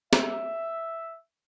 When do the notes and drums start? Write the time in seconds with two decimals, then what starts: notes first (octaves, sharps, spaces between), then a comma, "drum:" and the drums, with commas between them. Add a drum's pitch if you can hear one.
0.13 E5, drum: snare